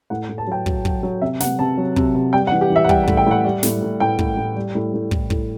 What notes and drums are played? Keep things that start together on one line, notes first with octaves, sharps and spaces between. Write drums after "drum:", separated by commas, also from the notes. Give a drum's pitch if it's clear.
A2 F#5
A2
A5
F#3 G5
F#3, drum: kick
F#3, drum: kick
F#3
C3 E5
C3 F#5, drum: snare
C3 A5
F#3
C3, drum: kick
C3
G3 G5
F#5
E3
G4
E3
E5
F#5
G3 G5, drum: kick
F#5
A2, drum: kick
G5
A2 F#5
G3
A2, drum: snare
A2
A2 G5
A2, drum: kick
A2
G3
A2
A2
A2, drum: kick
A2, drum: kick